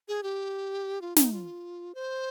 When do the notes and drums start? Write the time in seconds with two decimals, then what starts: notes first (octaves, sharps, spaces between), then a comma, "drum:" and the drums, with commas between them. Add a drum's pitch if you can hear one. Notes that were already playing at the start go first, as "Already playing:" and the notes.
0.08 G#4
0.23 G4
1.01 F4
1.16 D#4, drum: snare
1.33 F4
1.95 C5